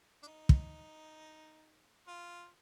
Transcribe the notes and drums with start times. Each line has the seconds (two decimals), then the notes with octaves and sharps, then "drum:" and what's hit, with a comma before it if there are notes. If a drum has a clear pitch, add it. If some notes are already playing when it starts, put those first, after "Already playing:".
0.23 D4
0.27 D#4
0.49 drum: kick
2.08 F4